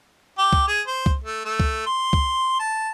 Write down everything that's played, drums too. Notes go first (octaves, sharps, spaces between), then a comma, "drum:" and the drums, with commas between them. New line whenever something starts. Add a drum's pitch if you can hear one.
G4
drum: kick
G#4
C5
drum: kick
A3
A3
drum: kick
C6
drum: kick
A5